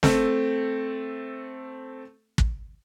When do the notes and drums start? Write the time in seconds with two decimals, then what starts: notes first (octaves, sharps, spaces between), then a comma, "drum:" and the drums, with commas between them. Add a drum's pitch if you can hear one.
0.03 A3 C4 A4, drum: snare
2.38 drum: kick